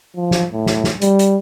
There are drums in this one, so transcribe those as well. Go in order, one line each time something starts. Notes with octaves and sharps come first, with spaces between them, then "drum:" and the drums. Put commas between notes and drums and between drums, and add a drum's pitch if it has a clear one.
F3
drum: snare
A2
drum: snare
drum: snare
G3, drum: hi-hat
drum: hi-hat